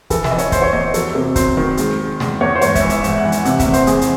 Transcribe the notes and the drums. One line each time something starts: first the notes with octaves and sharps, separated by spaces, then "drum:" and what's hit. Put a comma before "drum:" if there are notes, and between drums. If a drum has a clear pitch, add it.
E3 A4, drum: kick, hi-hat
E5, drum: snare
E3 D#5
C#5, drum: hi-hat
E2 C5, drum: kick, hi-hat
C#5
E2 D#5
C5
F#3 A4, drum: hi-hat
C3 A4
F#3 C5, drum: kick, hi-hat
D#3
G#3, drum: hi-hat
G#3
E2, drum: snare
E2 C#5
C5
G#2 C#5, drum: hi-hat
E5, drum: kick, hi-hat
E3
E5, drum: hi-hat
G#2 E5, drum: hi-hat
F#5
E3
E5, drum: hi-hat
C3 F#5, drum: hi-hat
E5, drum: kick, hi-hat
E2
C5, drum: hi-hat
E2 G#4, drum: hi-hat
drum: hi-hat